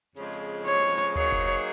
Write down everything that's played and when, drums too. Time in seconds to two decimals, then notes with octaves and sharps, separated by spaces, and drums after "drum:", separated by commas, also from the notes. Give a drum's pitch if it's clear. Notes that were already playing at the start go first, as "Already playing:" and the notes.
0.16 F2 C#3 F3 G#3, drum: hi-hat
0.32 drum: hi-hat
0.66 C#5, drum: hi-hat
0.99 drum: hi-hat
1.16 G#2 F#3 A#3 D#4 G#4 C#5, drum: tom D2
1.32 drum: kick F1, open hi-hat
1.49 drum: hi-hat